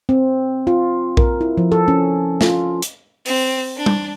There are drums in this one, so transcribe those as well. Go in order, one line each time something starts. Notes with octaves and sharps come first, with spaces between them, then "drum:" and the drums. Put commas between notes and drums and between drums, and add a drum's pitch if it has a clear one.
C4
F4
A#4, drum: kick A#1
E4
F3
A4
C#4
F4, drum: snare
drum: hi-hat
C4, drum: open hi-hat
D4
drum: tom G3